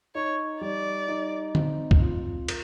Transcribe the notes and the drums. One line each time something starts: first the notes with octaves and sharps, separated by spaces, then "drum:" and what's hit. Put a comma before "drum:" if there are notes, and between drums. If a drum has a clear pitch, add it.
D#4 C#5
G3 D5
D#4
C4, drum: tom
drum: kick C2
F4
A#4, drum: cymbal